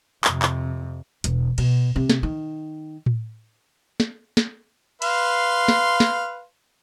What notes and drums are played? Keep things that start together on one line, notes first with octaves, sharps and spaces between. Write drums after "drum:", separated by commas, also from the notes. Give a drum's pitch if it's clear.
F2 C3, drum: clap
drum: clap
E1, drum: hi-hat
B2, drum: cymbal
C3
drum: snare
D#3
drum: tom A2
drum: snare
drum: snare
B4 F5 C6, drum: cymbal
drum: snare
drum: snare